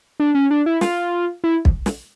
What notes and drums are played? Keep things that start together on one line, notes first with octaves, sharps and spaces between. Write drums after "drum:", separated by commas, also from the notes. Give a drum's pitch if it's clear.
D4
C#4
D4
E4
F4, drum: snare
E4
drum: kick
drum: snare